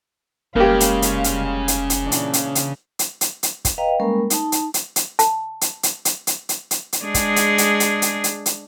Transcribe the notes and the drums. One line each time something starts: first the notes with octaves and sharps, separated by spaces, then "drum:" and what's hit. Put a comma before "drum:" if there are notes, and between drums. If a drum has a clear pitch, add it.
F1 C#3 G3 G#3 A#3 G4 F5
drum: hi-hat
drum: hi-hat
drum: hi-hat
drum: hi-hat
drum: hi-hat
A#2 E3 D4
drum: hi-hat
drum: hi-hat
drum: hi-hat
drum: hi-hat
drum: hi-hat
drum: hi-hat
drum: kick, hi-hat
B4 D#5 F5 G5 A#5
G3 G#3 A#3 C#4 A#4 B5
D#4 A5, drum: hi-hat
drum: hi-hat
drum: hi-hat
drum: hi-hat
A5, drum: hi-hat
drum: hi-hat
drum: hi-hat
drum: hi-hat
drum: hi-hat
drum: hi-hat
drum: hi-hat
drum: hi-hat
G#3 D4 G#4
drum: kick, hi-hat
drum: hi-hat
drum: hi-hat
drum: hi-hat
drum: hi-hat
drum: hi-hat
drum: hi-hat